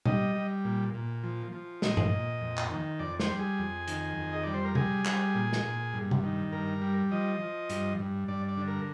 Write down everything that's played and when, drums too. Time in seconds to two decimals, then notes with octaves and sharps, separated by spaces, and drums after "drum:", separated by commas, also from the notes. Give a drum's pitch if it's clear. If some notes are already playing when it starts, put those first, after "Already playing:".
0.06 G3 D#5, drum: tom B2
0.35 G3
0.65 A#2
0.94 A#2
1.23 F3
1.52 F3
1.82 A#2 D#5, drum: snare
1.97 drum: tom G2
2.12 A#2
2.41 F2
2.58 drum: clap
2.70 D#3
2.99 F2 D5
3.20 C5, drum: snare
3.29 G3
3.39 G#4
3.59 F2
3.88 D#3, drum: hi-hat
4.17 F2
4.33 D#5
4.43 G3 D5
4.54 C5
4.65 A#4
4.75 G3 G#4, drum: tom C3
5.05 G3, drum: clap
5.34 A#2
5.53 drum: snare
5.64 A#2
5.93 G2
6.11 drum: tom C3
6.23 D#3
6.52 G2 A#4
6.82 G3
7.11 F3 D#5
7.40 F3
7.70 G2, drum: hi-hat
7.99 G2
8.28 G2 D5
8.48 D5
8.57 D3
8.68 A#4